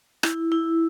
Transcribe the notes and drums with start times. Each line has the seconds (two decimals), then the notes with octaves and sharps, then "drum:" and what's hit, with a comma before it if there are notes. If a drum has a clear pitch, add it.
0.23 E4, drum: rim click
0.52 E4